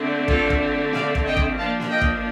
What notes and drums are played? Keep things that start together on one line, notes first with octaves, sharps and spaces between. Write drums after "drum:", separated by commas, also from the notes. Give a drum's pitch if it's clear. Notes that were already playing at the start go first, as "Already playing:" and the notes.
Already playing: D3 A3 C4
F4 A4, drum: kick
drum: kick
D5 F5, drum: snare
drum: kick
D#5 G5
drum: kick
F3 A#3 D4 F5 A5
drum: snare
D#5 G5
drum: kick